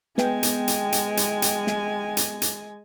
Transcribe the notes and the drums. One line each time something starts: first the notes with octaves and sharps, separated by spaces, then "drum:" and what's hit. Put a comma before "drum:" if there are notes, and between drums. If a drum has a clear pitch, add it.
G#3 B3 G5 G#5, drum: snare
drum: hi-hat
drum: hi-hat
drum: hi-hat
drum: hi-hat
drum: hi-hat
drum: snare
drum: hi-hat
drum: hi-hat